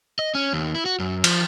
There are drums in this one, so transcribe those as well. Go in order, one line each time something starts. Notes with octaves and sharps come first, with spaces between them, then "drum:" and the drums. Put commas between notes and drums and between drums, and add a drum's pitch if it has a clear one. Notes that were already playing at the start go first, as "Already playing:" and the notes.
D#5
C#4
D#2
E4
F#4
F#2
F3, drum: cymbal